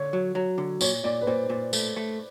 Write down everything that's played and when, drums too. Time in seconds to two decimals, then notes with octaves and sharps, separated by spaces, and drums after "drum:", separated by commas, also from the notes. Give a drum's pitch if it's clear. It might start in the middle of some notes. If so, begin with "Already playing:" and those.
Already playing: D3 C#5
0.13 F#3
0.35 F#3
0.58 D3
0.81 A#2 C#5, drum: tambourine
1.04 A#2 D5
1.21 B4
1.27 A#2 C5
1.50 A#2
1.73 A3, drum: tambourine
1.96 A3